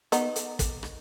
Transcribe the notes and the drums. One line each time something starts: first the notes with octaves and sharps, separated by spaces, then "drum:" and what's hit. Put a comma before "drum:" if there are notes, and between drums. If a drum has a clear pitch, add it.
B3 D#4, drum: hi-hat
drum: hi-hat
drum: kick, hi-hat
drum: rim click